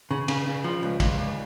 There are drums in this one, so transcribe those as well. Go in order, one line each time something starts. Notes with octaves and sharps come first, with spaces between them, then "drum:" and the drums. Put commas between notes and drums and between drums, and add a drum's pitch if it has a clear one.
C#3
C#3, drum: cymbal
C#3
F3
C#2
C#2, drum: kick, cymbal
C#2